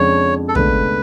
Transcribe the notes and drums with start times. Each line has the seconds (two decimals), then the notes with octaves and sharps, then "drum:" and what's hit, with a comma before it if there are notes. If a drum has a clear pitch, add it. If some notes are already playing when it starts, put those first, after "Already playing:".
Already playing: F2 C#3 F3 G#3 D4 C#5
0.48 A4
0.55 C#2 B2 A3 D4 B4, drum: tom